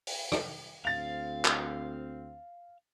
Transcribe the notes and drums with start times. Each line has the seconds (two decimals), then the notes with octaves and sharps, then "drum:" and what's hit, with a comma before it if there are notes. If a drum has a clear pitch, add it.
0.07 drum: open hi-hat
0.32 drum: rim click
0.85 D2 C4 F5 A6 F7
1.45 drum: clap